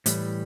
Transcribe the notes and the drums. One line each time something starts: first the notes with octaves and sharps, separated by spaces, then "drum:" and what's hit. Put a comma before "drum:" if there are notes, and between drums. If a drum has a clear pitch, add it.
A2 E3 G3, drum: hi-hat